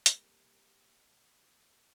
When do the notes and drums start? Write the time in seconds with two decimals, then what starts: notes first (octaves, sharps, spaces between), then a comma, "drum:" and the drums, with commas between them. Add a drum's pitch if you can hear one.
0.06 C3 G3 A#3, drum: hi-hat